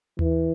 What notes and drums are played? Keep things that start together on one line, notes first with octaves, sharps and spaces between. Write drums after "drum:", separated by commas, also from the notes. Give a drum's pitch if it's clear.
E3, drum: tom D#2